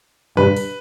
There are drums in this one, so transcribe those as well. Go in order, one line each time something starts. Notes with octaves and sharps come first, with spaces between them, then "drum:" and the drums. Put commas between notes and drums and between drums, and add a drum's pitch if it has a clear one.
G2 B4, drum: tom A#2
drum: open hi-hat